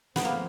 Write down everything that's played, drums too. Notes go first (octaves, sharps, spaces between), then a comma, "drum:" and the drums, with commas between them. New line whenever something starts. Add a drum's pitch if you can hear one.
F3 A3 B3 C4, drum: snare
A#3